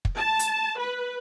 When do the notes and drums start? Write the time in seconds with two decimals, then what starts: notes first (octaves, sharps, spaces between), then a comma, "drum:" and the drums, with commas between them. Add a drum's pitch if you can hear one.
0.05 drum: kick
0.16 A5
0.39 drum: hi-hat
0.78 B4